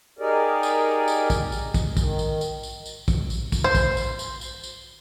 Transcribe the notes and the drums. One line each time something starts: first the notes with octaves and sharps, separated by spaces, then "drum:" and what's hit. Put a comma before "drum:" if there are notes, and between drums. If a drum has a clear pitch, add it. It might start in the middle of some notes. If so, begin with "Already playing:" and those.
D#4 G4 G#4 A#4 D5
drum: tambourine
drum: tambourine
drum: kick, tambourine
drum: tambourine
drum: kick, tambourine
D#3, drum: kick, tambourine
drum: tambourine
drum: tambourine
drum: tambourine
drum: tambourine
drum: kick, tambourine
drum: tambourine
drum: kick, tambourine
C5
drum: kick, tambourine
drum: tambourine
drum: tambourine
drum: tambourine
drum: tambourine